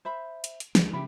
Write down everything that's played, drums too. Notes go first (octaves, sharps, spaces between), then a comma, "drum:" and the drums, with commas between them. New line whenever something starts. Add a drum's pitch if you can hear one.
C5 E5 B5
drum: hi-hat
drum: hi-hat
D2 G#3, drum: snare
C#3 G4 E5 B5